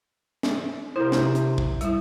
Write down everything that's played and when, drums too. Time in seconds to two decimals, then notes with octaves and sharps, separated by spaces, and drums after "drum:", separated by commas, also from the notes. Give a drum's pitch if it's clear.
0.43 drum: snare
0.96 C3 E4 A#4 C5
1.12 drum: snare
1.35 drum: hi-hat
1.58 drum: kick
1.81 G3 E4, drum: hi-hat